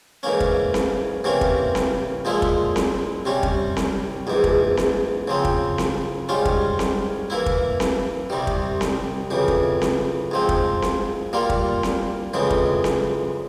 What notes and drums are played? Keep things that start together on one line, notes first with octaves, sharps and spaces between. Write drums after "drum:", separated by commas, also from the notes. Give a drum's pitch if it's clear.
G#2 E3 A#3 C#4
drum: kick
drum: snare C4
C3 E3 A#3 C#4
drum: kick
drum: snare C4
A#2 F3 G#3 E4
drum: kick
drum: snare C4
C3 G3 C#4
drum: kick
drum: snare C4
A#1 G#2 E3
drum: kick
drum: snare C4
C#3 F3 C4
drum: kick
drum: snare C4
G#2 G3 C#4 F4
drum: kick
drum: snare C4
E3 A#3 E4
drum: kick
drum: snare C4
C2 C3 G3
drum: kick
drum: snare C4
F2 C#3 E3
drum: kick
drum: snare C4
G#2 F3 C4
drum: kick
drum: snare C4
A#2 G3 A#3 F4
drum: kick
drum: snare C4
F2 C#3 E3 G#3
drum: kick
drum: snare C4